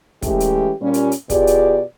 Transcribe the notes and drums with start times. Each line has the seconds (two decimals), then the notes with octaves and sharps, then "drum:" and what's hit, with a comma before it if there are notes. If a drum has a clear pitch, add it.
0.22 E3 G#3 A3 C#4 G4, drum: kick, hi-hat
0.40 drum: hi-hat
0.81 A#2 G3 C#4
0.94 drum: hi-hat
1.12 drum: hi-hat
1.30 B2 F4 G4 G#4 D5, drum: kick, hi-hat
1.47 drum: hi-hat